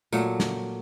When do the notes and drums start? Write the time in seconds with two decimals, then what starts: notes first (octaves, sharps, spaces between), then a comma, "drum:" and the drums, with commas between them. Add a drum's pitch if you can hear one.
0.12 A#2 F#3 A3, drum: tambourine
0.40 drum: snare